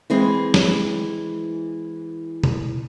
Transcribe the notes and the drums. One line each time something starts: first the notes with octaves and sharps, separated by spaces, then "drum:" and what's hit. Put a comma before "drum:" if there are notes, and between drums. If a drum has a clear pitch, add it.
E3 G#3 C4 E4
drum: snare
drum: tom